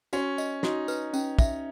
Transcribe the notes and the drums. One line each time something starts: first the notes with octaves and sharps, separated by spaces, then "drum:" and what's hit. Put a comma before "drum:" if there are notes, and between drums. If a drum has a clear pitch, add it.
C#4 F#4, drum: tambourine
D#5, drum: tambourine
D#4 F#4, drum: snare
B4, drum: tambourine
C#4, drum: tambourine
E5, drum: kick, tambourine